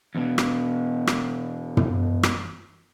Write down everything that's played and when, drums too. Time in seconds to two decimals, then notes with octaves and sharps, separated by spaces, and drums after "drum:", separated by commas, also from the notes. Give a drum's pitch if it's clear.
0.15 E2 B2
0.38 drum: rim click
1.07 drum: rim click
1.77 drum: tom
2.23 drum: rim click